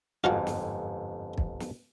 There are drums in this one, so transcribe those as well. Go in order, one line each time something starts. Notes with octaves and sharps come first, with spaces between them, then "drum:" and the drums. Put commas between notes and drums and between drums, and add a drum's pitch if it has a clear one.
G1 F2 G#2 F4 F#4 F#5
drum: snare
drum: kick
drum: snare